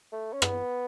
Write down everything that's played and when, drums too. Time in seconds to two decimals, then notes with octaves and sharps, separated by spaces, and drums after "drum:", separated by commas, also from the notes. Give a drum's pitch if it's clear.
0.12 A3
0.33 C#4
0.42 B3, drum: rim click